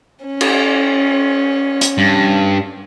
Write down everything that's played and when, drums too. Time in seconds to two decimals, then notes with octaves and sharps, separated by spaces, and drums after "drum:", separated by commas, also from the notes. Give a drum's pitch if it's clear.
0.25 C#4
0.41 drum: cymbal
1.81 drum: hi-hat
1.98 G2